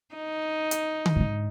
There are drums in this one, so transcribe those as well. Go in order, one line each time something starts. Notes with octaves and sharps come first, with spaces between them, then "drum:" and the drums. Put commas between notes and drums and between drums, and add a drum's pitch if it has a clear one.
D#4
drum: hi-hat
drum: tom D3
G#2 D3